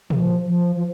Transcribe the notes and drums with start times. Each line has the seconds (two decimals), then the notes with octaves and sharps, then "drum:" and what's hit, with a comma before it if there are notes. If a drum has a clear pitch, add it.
0.10 F3, drum: tom
0.46 F3
0.76 F3